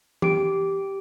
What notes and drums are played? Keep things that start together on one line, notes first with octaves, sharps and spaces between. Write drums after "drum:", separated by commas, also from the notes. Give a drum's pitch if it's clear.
G4 D7, drum: tom E3